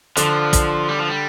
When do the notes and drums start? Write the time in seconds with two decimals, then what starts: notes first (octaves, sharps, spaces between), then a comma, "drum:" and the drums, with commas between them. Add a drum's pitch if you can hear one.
0.17 D3 F3 D4, drum: hi-hat
0.53 drum: kick, hi-hat
0.89 G3
0.98 F3
1.09 G3